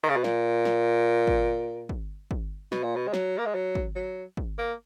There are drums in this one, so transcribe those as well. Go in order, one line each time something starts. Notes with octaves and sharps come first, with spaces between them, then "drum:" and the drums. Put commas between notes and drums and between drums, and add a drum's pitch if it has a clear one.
D#3
C#3
B2
A#2, drum: snare
drum: snare
drum: kick
drum: kick
drum: kick
B2, drum: snare
A#2
B2
G#3
F#3, drum: snare
A#3
G#3
F#3
drum: kick
F#3
drum: kick
A#3